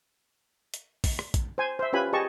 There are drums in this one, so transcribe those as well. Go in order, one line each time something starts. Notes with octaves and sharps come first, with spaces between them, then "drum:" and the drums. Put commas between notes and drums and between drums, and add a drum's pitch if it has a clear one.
drum: hi-hat
drum: kick, open hi-hat
drum: rim click
drum: kick, hi-hat
C5 G#5
C5 E5
C#4 F4 G4 B4 G#5 B5
G4 G#4 D#5 A5 C#6